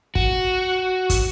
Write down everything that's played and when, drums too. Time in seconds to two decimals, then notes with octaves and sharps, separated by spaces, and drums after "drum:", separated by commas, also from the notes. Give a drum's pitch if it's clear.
0.15 F#4, drum: kick
1.10 drum: kick, hi-hat